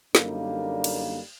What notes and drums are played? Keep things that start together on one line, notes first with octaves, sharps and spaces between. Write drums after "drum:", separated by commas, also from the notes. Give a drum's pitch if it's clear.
F#2 D3 G3 A#3 D#4, drum: snare
drum: cymbal